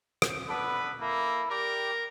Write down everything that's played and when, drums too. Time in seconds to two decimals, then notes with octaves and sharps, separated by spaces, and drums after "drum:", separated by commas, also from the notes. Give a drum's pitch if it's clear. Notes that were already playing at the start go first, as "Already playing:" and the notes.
0.22 drum: rim click
0.49 B3 D4 A4 B4
1.01 A#3 E4 A4
1.51 G4 A#4 D5 G5